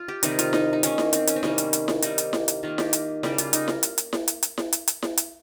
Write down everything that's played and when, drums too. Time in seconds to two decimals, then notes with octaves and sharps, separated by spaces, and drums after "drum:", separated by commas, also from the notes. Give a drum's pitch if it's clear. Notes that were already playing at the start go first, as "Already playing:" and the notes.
Already playing: F4
0.08 G4
0.23 C3 D#3 G3 D#4, drum: hi-hat
0.39 F4, drum: hi-hat
0.53 D#4, drum: snare E4
0.73 D#4
0.83 D#3 A#3 C#4, drum: hi-hat
0.98 drum: snare E4
1.13 C4, drum: hi-hat
1.27 C#4, drum: hi-hat
1.36 C4
1.43 C3 D#3 G3 A#3 C#4, drum: snare E4
1.58 drum: hi-hat
1.73 drum: hi-hat
1.88 drum: snare E4
2.02 C3 G3 A#3 D#4, drum: hi-hat
2.18 drum: hi-hat
2.33 drum: snare E4
2.48 drum: hi-hat
2.63 D#3 A#3 F4
2.78 G4, drum: snare E4
2.93 drum: hi-hat
3.23 C#3 G3 A#3 G4, drum: snare E4
3.38 F4, drum: hi-hat
3.53 D#4, drum: hi-hat
3.68 drum: snare E4
3.83 drum: hi-hat
3.98 drum: hi-hat
4.13 drum: snare E4
4.28 drum: hi-hat
4.43 drum: hi-hat
4.58 drum: snare E4
4.73 drum: hi-hat
4.88 drum: hi-hat
5.02 drum: snare E4
5.17 drum: hi-hat